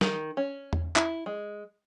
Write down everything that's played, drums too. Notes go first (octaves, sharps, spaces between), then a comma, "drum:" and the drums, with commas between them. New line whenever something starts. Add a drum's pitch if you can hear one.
D#3, drum: snare
C#4
drum: tom E2
E4, drum: clap
G#3